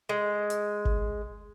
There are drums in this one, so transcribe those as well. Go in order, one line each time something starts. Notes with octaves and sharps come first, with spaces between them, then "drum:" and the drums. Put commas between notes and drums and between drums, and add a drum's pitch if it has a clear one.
G#3
drum: hi-hat
drum: kick G1